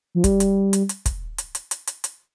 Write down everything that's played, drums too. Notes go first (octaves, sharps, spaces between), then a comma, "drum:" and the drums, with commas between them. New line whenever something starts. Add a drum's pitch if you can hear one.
F3
G3, drum: kick, hi-hat
drum: hi-hat
drum: hi-hat
drum: hi-hat
drum: kick, hi-hat
drum: hi-hat
drum: hi-hat
drum: hi-hat
drum: hi-hat
drum: hi-hat